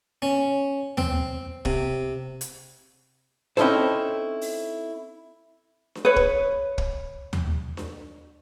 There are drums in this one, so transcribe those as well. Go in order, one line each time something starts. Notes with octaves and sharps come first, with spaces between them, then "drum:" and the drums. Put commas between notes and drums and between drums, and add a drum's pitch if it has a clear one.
C#4
C4, drum: tom D#2
C3, drum: kick
drum: hi-hat
C4 C#4 D#4 E4 A4 C5, drum: snare D4
drum: open hi-hat
drum: snare D4
B4 C#5
drum: kick
drum: kick
drum: tom D#2
drum: snare D4